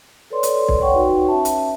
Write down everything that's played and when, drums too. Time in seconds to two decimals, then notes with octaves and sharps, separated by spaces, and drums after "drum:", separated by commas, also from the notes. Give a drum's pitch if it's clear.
0.30 A4 B4 C#5 D5 C6
0.43 drum: hi-hat
0.68 drum: kick
0.81 C#5 F#5 G5 C#6
0.94 D#4 F#4 B4 G5
1.28 C#4 E5 A5
1.45 drum: hi-hat